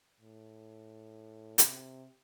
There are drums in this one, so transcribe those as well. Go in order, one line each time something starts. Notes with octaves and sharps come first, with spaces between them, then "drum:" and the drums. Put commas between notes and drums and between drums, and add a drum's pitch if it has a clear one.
A2
C3, drum: hi-hat